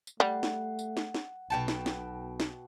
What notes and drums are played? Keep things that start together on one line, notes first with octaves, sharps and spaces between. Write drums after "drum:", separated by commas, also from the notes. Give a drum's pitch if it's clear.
drum: tambourine
G3 A3 F#5
drum: snare
drum: tambourine
drum: snare
drum: snare
B1 B2 G5 A5
drum: snare
drum: snare
drum: snare